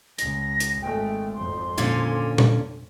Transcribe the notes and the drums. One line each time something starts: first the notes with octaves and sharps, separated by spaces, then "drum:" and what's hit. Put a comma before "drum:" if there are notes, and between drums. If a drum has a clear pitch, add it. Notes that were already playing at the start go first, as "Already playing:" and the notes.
C#2 A#6, drum: hi-hat
drum: hi-hat
G#1 G#3 A3 G5
G#1 F2 C6
A#2 D3 C#4
drum: tom A#2